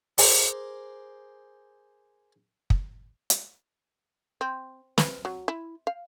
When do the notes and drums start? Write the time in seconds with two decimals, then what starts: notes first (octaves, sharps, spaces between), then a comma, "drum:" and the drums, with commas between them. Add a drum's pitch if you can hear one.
0.18 G#4 A#4 C5 D6, drum: open hi-hat
2.70 drum: kick
3.30 drum: hi-hat
4.41 C4
4.98 B4, drum: snare
5.25 F#3
5.48 E4
5.87 F5